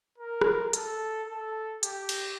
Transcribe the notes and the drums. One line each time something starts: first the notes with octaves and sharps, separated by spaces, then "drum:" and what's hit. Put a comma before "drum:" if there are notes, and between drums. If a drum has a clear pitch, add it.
A#4
drum: rim click
A4, drum: hi-hat
A4
G4, drum: hi-hat
drum: cymbal